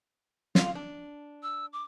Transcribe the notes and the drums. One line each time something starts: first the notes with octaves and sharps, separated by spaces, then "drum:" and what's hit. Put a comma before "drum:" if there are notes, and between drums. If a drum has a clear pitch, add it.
F4 F5, drum: snare
D4
E6
D6